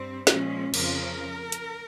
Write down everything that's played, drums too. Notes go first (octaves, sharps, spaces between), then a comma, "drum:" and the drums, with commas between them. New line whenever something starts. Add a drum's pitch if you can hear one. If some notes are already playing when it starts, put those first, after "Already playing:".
Already playing: G2 G3 C4
A#2 F3 G#3 C#4, drum: snare
F2 C#3 F3 C4 A#4, drum: cymbal
drum: hi-hat